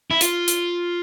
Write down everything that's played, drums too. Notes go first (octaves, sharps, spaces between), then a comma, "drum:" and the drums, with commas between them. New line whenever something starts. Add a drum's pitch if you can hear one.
E4
F4, drum: hi-hat
drum: hi-hat